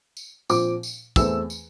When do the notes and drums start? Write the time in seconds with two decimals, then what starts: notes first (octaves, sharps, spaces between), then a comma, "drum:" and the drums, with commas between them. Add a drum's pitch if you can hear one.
0.17 drum: tambourine
0.49 A#2 F3 C4 D6, drum: tambourine
0.83 drum: tambourine
1.16 E2 E3 A3 C4 E6, drum: kick, tambourine
1.50 drum: tambourine